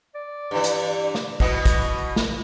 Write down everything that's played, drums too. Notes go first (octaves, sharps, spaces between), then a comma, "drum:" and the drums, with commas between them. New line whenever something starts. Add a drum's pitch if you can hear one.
D5
G2 E3
drum: hi-hat
drum: snare
B2 E3 B3 D#5, drum: kick
drum: kick, hi-hat
drum: snare